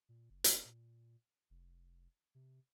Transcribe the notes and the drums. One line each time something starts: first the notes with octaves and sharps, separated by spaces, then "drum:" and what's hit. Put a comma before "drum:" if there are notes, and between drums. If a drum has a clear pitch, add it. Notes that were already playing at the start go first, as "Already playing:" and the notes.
A#2
F#1
drum: hi-hat
A#2
F1
C3